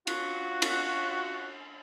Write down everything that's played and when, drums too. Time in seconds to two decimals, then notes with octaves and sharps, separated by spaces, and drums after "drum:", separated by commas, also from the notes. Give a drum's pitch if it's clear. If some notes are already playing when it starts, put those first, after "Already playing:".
0.07 F4 F#4, drum: cymbal
0.62 drum: cymbal